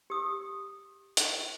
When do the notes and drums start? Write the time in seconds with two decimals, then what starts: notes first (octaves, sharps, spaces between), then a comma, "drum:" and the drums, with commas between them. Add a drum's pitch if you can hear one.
0.10 G4 D#6
1.17 drum: hi-hat